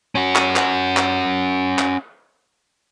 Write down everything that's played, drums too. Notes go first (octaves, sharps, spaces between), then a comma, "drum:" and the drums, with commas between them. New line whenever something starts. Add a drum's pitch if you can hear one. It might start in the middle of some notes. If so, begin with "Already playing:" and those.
C#4 F#4
drum: clap
drum: clap
drum: clap
drum: clap